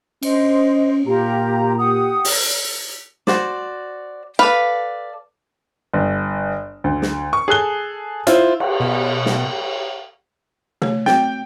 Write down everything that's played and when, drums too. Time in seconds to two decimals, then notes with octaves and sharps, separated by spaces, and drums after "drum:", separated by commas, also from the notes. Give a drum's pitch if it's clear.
0.23 C#4 C5 D#5, drum: cymbal
1.06 A#2 F4 G4 A#5
1.79 G4 F#5 D#6
2.25 drum: open hi-hat
3.27 F#4 C5 D5, drum: snare
4.39 A4 B4 D5 F5
5.93 G1
6.84 D2
7.02 drum: snare
7.33 C#6
7.48 G#4 A4 F#6 G7
8.27 E4 F4 C5, drum: hi-hat
8.60 drum: cymbal
8.80 B2
9.26 drum: snare
10.82 A3 C#5, drum: tom
11.06 C4 F#4 G5, drum: snare